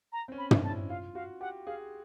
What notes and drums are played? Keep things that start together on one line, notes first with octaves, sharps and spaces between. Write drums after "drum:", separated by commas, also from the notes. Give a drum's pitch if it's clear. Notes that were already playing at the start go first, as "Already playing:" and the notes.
A#5
C4
C#4
B5
D4, drum: tom
A5
E4
F4 F5
F#4 F5
G4 F#5
G#4 F5